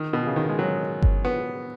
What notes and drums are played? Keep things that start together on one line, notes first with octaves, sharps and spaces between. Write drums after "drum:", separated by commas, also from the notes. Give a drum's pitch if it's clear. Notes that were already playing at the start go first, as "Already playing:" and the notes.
Already playing: D#3
B2
C#3
D#3
G#3
F#3
drum: kick G1
B3